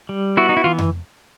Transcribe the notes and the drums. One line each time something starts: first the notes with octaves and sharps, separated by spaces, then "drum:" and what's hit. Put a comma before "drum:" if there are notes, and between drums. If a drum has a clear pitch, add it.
G3
B3 E4 F#4
D#4
E4
E3 F4
drum: tom F2